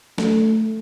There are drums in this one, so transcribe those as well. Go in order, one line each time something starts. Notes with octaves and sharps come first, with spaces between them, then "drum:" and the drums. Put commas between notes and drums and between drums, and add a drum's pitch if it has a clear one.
A3, drum: snare